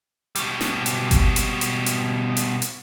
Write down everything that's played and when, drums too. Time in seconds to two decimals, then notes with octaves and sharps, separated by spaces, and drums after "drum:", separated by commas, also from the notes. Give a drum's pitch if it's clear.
0.35 B2 G3, drum: hi-hat
0.61 drum: snare
0.86 drum: hi-hat
1.11 drum: kick G1, hi-hat
1.36 drum: hi-hat
1.61 drum: hi-hat
1.86 drum: hi-hat
2.37 drum: hi-hat
2.62 drum: hi-hat